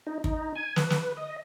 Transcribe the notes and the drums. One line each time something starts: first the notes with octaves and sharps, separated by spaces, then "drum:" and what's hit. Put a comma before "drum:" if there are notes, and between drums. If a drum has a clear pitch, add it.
D#4
D#4, drum: kick
G#5
B4, drum: snare
drum: snare
D#5